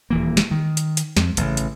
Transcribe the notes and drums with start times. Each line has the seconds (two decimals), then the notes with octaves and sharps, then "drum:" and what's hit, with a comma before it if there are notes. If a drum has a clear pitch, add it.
0.10 D#1 E3 A#3
0.37 drum: snare
0.51 D#3
0.77 drum: hi-hat
0.97 drum: hi-hat
1.17 F2, drum: snare
1.37 A1 C#3, drum: hi-hat
1.57 drum: hi-hat